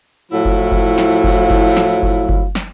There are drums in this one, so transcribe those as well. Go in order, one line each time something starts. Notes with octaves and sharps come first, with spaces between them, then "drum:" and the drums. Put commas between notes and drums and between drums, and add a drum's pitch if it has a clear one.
A2 F3 F#3 E4 F5
drum: kick F#1
drum: kick F#1
drum: snare
drum: kick F#1
drum: kick F#1
drum: snare
drum: kick F#1
drum: kick F#1
drum: snare